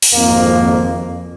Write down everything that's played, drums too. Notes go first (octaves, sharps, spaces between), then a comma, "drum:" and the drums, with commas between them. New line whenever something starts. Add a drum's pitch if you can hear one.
drum: open hi-hat
G#1 F2 G#2 F3 A#3